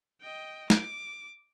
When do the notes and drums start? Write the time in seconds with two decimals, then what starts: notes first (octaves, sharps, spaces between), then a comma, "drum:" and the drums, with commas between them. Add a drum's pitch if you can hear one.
0.21 D#5 G5
0.70 D6, drum: snare